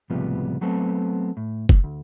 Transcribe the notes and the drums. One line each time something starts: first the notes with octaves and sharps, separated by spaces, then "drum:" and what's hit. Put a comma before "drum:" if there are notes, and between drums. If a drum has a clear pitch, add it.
C#2 A2 C3 F3 G3 B3
F#3 A3 B3 C4 A4
A2
drum: kick
D2